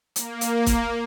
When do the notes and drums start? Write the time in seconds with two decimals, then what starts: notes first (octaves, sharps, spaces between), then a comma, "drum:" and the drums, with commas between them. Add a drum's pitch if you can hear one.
0.16 A#3, drum: hi-hat
0.41 drum: hi-hat
0.66 drum: kick, hi-hat